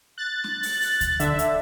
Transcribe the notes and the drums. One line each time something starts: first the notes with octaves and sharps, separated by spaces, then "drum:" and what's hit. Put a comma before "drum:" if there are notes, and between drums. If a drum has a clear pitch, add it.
F#6 A6
drum: snare
drum: open hi-hat
drum: open hi-hat
drum: kick D2, hi-hat
D3 E5, drum: hi-hat
drum: hi-hat